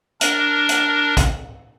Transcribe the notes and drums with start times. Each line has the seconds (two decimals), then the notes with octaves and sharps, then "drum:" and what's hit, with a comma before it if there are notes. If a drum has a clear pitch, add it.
0.21 D4 A#4, drum: hi-hat
0.69 drum: hi-hat
1.17 drum: kick, hi-hat